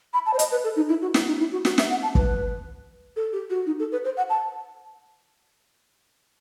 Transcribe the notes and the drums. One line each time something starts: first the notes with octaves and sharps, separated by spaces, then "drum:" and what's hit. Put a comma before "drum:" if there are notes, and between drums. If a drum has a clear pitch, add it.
B5
A5
C5
D#5, drum: hi-hat
B4
A4
D#4
E4
F#4
E4, drum: snare
D#4
E4
F#4
F#4, drum: snare
E5, drum: snare
F#5
A5
B4, drum: kick
A4
G4
F#4
D#4
A4
B4
C5
F#5
A5